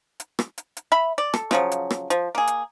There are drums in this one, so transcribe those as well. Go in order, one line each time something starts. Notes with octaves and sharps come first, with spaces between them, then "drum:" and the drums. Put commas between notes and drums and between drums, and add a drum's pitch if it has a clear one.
drum: hi-hat
drum: rim click
drum: hi-hat
drum: hi-hat
E5 B5
D5
A4, drum: rim click
C#3 F3 F#3, drum: rim click
drum: hi-hat
drum: rim click
F3, drum: hi-hat
A#3 G#4
drum: hi-hat